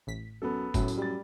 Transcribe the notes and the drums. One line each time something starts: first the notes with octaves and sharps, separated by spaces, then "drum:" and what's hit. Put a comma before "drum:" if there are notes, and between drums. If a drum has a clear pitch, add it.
A1 B6
F#2 B3 A4
F#2 A2, drum: kick, tambourine
drum: tambourine
G3 A6